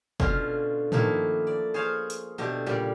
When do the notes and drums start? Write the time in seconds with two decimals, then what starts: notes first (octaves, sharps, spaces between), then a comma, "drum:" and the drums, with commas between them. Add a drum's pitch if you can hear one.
0.20 B2 D3 C#4 F4, drum: kick
0.92 D#3 F3 A3 A#3 E4, drum: tom
1.47 D5
1.74 G#4 C5 C#5 F5
2.10 drum: hi-hat
2.38 B2 D3 A3 G4
2.66 A#2 C#3 G3